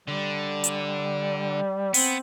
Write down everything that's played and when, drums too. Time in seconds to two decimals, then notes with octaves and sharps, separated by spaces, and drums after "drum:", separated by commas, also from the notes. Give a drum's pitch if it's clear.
0.08 D3 G3
0.64 drum: hi-hat
1.94 B3 C4, drum: open hi-hat